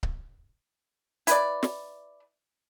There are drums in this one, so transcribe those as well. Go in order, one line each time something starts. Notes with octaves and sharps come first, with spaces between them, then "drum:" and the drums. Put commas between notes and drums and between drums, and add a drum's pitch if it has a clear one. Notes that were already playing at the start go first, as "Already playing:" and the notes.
drum: kick C#1
E4 B4 D5, drum: hi-hat
drum: snare